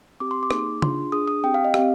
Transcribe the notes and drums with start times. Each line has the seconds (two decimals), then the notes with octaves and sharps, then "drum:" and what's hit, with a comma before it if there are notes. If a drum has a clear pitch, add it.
0.20 C4 G4 D6
0.31 C6
0.43 D6
0.51 A#3 D#4 G#4, drum: rim click
0.82 D4 F4 G#4 C6, drum: tom C#3
1.12 D4 G#4 D#6
1.28 D#6
1.44 C4 G4 G5
1.54 F5
1.64 D#5
1.74 C4 G4 F5, drum: rim click